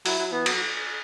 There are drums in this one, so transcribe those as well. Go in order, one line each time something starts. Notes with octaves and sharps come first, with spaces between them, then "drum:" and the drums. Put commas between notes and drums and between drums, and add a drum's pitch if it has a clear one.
F#3 E4, drum: open hi-hat
F#3
E3 B3
F#3, drum: cymbal